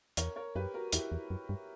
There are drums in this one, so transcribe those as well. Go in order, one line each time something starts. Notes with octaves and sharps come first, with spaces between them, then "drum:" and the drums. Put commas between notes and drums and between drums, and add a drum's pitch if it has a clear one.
E2 A#4 C#5, drum: hi-hat
A#4 C#5
F#2 G4 B4
F#4 A#4
E2 E4 G4, drum: hi-hat
E2
F#2
G2